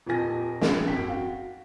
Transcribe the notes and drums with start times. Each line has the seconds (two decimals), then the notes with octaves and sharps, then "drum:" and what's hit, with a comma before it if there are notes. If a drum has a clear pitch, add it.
0.06 D#1 F2 A#2 G4 G#5 A#6
0.61 drum: snare
0.87 G#1 F#2 G5 B6
1.09 F#4 F5